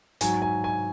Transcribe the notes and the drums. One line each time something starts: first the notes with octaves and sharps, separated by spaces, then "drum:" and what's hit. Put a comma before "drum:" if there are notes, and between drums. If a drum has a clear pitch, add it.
G#2 F#3 G#5, drum: hi-hat
G#5
G#5